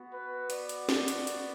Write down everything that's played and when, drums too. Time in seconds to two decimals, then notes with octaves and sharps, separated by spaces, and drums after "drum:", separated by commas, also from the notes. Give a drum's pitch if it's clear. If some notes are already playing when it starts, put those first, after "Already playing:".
Already playing: B3 F#4
0.11 B4
0.50 D5, drum: hi-hat
0.69 drum: hi-hat
0.89 drum: snare
1.08 drum: hi-hat
1.27 drum: hi-hat